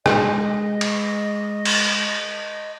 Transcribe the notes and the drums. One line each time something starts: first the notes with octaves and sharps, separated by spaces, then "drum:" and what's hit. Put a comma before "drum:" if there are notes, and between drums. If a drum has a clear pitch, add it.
G#3 D#5, drum: rim click
drum: cymbal
drum: cymbal